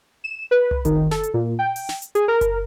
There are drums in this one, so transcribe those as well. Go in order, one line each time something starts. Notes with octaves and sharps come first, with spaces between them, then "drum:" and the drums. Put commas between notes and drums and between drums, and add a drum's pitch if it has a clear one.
E7
B4
drum: tom C2
D#3, drum: kick F#1, hi-hat
A4, drum: snare
drum: hi-hat
A#2
G5
drum: open hi-hat
drum: snare
drum: hi-hat
G#4, drum: hi-hat
A#4
drum: kick F#1, hi-hat